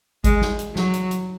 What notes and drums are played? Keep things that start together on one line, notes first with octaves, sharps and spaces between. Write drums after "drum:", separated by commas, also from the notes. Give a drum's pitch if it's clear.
G#3, drum: kick G#1, hi-hat
drum: snare
drum: hi-hat
F#3, drum: snare
drum: hi-hat
drum: hi-hat